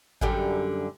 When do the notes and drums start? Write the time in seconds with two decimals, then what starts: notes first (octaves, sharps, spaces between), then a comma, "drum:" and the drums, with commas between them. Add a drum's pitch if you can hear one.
0.21 F#2 D3 G3, drum: kick G#1